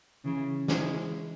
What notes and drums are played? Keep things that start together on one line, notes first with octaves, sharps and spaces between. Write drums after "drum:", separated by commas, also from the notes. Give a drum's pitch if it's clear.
C#3 E3
E3 G#3, drum: snare